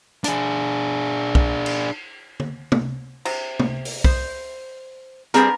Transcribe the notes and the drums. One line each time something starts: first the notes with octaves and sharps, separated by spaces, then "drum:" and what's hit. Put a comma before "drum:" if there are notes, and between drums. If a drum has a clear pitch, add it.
D4 G#4, drum: hi-hat
drum: kick B1
drum: cymbal
drum: tom D3
drum: tom
C3, drum: cymbal
drum: tom
drum: open hi-hat
C5, drum: kick B1
G3 B3 C4 D4 G#4 A#4, drum: hi-hat